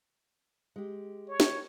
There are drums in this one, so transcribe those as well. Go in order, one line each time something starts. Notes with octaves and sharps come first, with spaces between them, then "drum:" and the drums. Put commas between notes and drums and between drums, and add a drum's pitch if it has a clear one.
G#3 G4
C#5
drum: snare